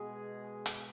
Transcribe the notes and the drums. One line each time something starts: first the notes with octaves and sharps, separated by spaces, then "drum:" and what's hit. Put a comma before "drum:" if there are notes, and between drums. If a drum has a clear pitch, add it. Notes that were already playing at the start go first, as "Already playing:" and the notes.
Already playing: B2 G#3 B3 G#4
drum: hi-hat